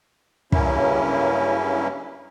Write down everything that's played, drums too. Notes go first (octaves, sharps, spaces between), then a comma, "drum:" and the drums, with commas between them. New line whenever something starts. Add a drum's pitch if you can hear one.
G2 C#3 F#3 A#3 C#4 E4, drum: kick